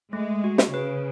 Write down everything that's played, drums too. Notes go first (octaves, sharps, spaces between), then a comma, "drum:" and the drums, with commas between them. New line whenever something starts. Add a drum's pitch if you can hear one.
G#3 A3
F#4
drum: snare
C#3 B4